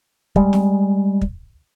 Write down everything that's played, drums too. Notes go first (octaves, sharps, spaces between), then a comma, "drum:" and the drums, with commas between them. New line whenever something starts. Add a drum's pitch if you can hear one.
G3 G#3, drum: kick
drum: snare
drum: kick